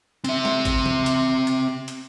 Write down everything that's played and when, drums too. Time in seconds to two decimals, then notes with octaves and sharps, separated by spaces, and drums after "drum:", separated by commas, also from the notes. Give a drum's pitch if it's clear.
0.24 C4 E5, drum: hi-hat
0.45 drum: snare
0.65 drum: kick G#1, hi-hat
0.86 drum: tom E3
1.06 drum: hi-hat
1.47 drum: hi-hat
1.88 drum: hi-hat